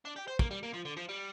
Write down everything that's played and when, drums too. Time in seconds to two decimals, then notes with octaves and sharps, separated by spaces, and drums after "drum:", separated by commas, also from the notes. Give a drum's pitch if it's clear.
0.05 D4
0.16 G4
0.28 C5
0.39 A#3, drum: kick
0.51 G3
0.63 A#3
0.73 F3
0.85 D3
0.97 F3
1.09 G3